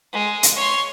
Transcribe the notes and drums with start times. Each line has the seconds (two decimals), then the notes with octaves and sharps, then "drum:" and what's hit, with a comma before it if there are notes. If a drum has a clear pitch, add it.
0.13 G#3
0.43 drum: hi-hat
0.56 C#5 C6